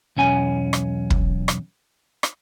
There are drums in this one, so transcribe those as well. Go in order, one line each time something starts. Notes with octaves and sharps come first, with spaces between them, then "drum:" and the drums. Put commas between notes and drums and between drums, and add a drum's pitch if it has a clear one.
B1 E2 C#4 G#5
drum: rim click
drum: kick
drum: rim click
drum: rim click